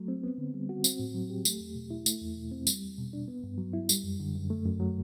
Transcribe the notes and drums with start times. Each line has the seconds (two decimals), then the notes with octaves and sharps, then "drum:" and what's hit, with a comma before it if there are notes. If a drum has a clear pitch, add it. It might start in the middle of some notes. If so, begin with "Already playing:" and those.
Already playing: F#3 A3
0.08 C4
0.24 B3
0.38 D3
0.54 G3
0.69 F#4
0.84 C4, drum: tambourine
0.99 A2
1.14 F#3
1.30 G4
1.45 A3, drum: tambourine
1.61 E2
1.75 B2
1.91 E4
2.06 A3, drum: tambourine
2.22 E2
2.36 B2
2.52 C4
2.67 G3, drum: tambourine
2.83 E2
2.98 B2
3.13 D4
3.28 B3
3.44 G2
3.58 F#3
3.73 E4
3.89 G3, drum: tambourine
4.04 F#2
4.20 D3
4.35 F#2
4.50 A3
4.65 F#2
4.80 F#3